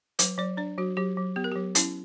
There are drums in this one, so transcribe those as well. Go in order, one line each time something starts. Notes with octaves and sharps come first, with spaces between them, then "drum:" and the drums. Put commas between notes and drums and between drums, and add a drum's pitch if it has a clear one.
F#3 B4, drum: hi-hat
F#3 D5
D4 D5
F#3 F#4
F#3 G4
F#3
B3 G4
A#4
F#3 G4
C#4 E4, drum: hi-hat